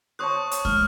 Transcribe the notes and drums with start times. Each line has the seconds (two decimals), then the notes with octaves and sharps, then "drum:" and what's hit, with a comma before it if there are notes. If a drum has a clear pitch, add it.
0.19 C5 C#5 A5 C#6 D#6 F#6
0.51 drum: hi-hat
0.65 G#3 F6, drum: kick